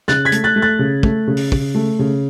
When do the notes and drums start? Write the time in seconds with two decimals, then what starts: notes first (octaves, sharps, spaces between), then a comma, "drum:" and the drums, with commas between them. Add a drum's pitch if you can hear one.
0.08 C#3 F#6 A6, drum: snare
0.25 G#6 B6
0.32 A3, drum: hi-hat
0.44 F#6 A6
0.56 A3
0.62 F#6 A6
0.79 C#3
1.03 A3, drum: kick
1.27 C#3
1.37 drum: open hi-hat
1.52 C#3, drum: kick
1.75 A3
1.99 C#3